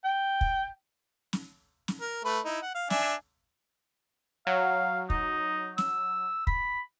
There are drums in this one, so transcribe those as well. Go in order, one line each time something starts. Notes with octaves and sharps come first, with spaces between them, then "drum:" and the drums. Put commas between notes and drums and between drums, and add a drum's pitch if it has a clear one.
G5
drum: kick
drum: snare
drum: snare
A#4
A3 B4
D#4 E4
F#5
F5
D4 E5 G#5, drum: snare
F#3 F5
D#4, drum: kick
E6, drum: snare
B5, drum: kick